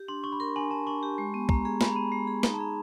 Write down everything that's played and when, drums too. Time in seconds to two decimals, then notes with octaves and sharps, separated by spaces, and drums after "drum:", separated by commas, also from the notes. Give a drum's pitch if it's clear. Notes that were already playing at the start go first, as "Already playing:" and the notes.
Already playing: G4
0.08 D4 C6
0.24 D4 C#6
0.32 B5
0.40 A#4 C6
0.56 D4 G#5
0.71 D4 A5
0.87 D4 C#6
1.03 G4
1.18 G#3
1.34 B3
1.49 G#3 A#5, drum: kick
1.65 G#4 A#5
1.81 G#3 B5, drum: snare
1.88 A#5
1.95 B3 B5
2.12 G#3
2.27 G#4
2.43 D#4, drum: snare
2.54 A5
2.59 G#4 A#5